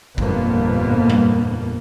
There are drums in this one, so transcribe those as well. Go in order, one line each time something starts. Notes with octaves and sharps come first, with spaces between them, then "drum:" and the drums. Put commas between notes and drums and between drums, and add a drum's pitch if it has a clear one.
G1 F2 A#2 A#3 B3, drum: kick
drum: tom G3